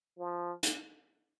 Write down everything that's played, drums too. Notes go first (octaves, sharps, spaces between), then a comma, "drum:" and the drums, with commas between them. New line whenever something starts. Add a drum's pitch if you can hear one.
F3
drum: hi-hat